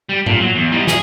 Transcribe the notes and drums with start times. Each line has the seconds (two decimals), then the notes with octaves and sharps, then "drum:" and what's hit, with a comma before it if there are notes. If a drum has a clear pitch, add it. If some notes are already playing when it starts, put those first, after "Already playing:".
0.09 G3
0.26 A#2, drum: tom G#2
0.41 F#3
0.56 E2
0.72 G3 D#4
0.87 G#4, drum: snare